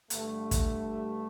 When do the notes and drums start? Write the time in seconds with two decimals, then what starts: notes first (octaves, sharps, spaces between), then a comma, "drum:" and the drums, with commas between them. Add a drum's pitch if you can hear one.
0.10 G2 D3 G3 A3, drum: hi-hat
0.51 drum: kick, hi-hat